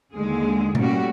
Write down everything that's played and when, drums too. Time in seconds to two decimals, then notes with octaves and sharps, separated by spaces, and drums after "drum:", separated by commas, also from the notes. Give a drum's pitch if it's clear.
0.13 D#2 D3 G#3 G#4
0.75 A2 G3 A#3 C#4 F#4, drum: tom B2